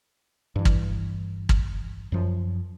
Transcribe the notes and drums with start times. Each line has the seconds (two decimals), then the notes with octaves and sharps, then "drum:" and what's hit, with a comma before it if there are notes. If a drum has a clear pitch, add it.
0.56 G2 E3
0.65 drum: kick
1.49 drum: kick
2.12 F#2 F3